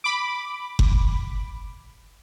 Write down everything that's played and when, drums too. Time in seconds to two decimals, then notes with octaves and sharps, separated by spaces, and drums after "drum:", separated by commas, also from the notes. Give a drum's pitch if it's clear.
0.04 B5 D6
0.79 drum: kick F#1